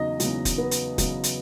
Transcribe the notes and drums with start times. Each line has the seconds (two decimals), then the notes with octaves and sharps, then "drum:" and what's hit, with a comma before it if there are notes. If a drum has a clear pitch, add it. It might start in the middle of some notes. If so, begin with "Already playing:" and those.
Already playing: E2 C#3 F#3 D#4 D#5
0.20 E2 C#3 F#3, drum: hi-hat
0.45 drum: kick, hi-hat
0.58 B3 B4
0.71 drum: hi-hat
0.98 E2 C#3 F#3, drum: kick, hi-hat
1.24 drum: hi-hat